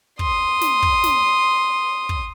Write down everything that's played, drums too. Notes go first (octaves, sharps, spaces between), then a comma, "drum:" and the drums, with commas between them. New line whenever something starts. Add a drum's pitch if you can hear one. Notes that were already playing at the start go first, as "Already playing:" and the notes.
C6 D#6, drum: kick
drum: snare
drum: kick
drum: snare
drum: kick